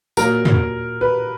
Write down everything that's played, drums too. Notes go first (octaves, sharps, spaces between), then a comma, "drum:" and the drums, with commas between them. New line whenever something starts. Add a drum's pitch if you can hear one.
A#2 F#3 A#3 A#4, drum: tambourine
drum: tom
B4